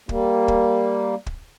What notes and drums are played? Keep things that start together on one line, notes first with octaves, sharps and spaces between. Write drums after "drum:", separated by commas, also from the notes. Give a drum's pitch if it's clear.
G3 A#3, drum: kick
drum: kick
drum: kick